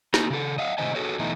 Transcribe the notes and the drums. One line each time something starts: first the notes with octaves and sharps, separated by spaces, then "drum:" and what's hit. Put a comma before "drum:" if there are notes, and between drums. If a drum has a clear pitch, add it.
A#3 D#4, drum: snare
C#3 A4
D#5 F5 F#5
A2 C3 D#3 C5 D#5 G#5
F#4 G#4 A4 B4 C#5
E2 B2 E3 A3 D#4